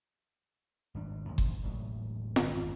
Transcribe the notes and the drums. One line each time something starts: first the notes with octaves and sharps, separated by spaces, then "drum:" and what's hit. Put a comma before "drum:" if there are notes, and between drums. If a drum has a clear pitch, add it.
G#1 G3 D4
A1 D#2 E3 F3
drum: kick G1
E1 A2 F#3
G1, drum: snare
G#1 F2